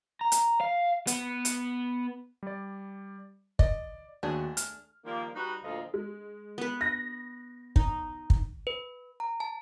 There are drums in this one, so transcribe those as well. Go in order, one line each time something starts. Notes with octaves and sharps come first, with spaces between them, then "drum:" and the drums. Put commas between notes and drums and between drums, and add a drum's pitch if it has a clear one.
A#5
drum: hi-hat
F5
B3, drum: hi-hat
drum: hi-hat
G3 D5
D5 D#5, drum: kick
D#2 A3 D4 F#4 G#4
F6, drum: hi-hat
D#3 F3 G3 A#3
G3 D#4 F#4 B4
D2 A#2 F3 F4 A4 D#5
G#3
B3 B4
A#6
D#4, drum: kick
drum: kick
B4
A#5
A5